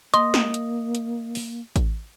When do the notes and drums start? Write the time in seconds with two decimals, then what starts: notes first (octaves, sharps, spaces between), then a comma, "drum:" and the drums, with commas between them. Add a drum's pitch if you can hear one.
0.14 A#3 D#5 C6, drum: hi-hat
0.34 drum: snare
0.54 drum: hi-hat
0.95 drum: hi-hat
1.35 drum: open hi-hat
1.76 drum: kick A1, hi-hat